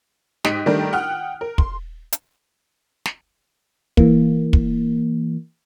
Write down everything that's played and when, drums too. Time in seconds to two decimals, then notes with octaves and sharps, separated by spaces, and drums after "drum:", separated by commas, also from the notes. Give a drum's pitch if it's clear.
0.44 G#2 G4 D#5 B6 D7 D#7, drum: snare
0.66 D#3 G3 A3 D4 G4 A#4
0.93 F#5 G5 D#6 F6 F#6
1.41 A#4
1.58 C6, drum: kick
2.13 drum: hi-hat
3.06 drum: snare
3.97 E3 A#3, drum: kick
4.53 drum: kick